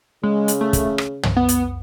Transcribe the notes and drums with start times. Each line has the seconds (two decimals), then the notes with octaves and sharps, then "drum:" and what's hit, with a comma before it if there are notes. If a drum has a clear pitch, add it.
0.23 C#3 G#3
0.48 drum: hi-hat
0.61 A3
0.73 drum: kick, hi-hat
0.98 drum: rim click
1.23 drum: tom
1.37 B3
1.49 drum: hi-hat